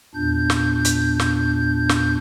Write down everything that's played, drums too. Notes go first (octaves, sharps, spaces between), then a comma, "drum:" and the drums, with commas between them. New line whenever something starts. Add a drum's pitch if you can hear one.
E2 A#2 D4 G6
drum: snare
drum: hi-hat
drum: snare
drum: snare